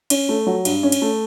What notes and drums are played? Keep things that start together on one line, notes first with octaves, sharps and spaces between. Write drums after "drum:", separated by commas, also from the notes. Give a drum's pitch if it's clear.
C#4, drum: cymbal
A3
F#3
G2, drum: cymbal
C#4
drum: cymbal
A3